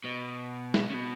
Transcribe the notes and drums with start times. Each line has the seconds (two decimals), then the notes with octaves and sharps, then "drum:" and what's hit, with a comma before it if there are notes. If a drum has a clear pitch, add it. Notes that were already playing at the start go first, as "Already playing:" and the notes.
0.05 B2
0.74 drum: snare
0.90 C#3
0.94 B2